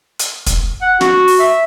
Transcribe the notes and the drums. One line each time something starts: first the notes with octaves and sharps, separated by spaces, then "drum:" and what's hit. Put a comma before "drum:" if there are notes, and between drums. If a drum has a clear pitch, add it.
drum: hi-hat
drum: kick, hi-hat
F#5
F#4, drum: snare
drum: open hi-hat
E5